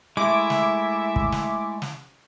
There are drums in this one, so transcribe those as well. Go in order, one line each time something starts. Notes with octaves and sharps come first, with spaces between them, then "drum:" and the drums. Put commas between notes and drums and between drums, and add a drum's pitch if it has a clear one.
G#3 A3 E4 E5 D6
drum: snare
drum: kick
drum: snare
drum: snare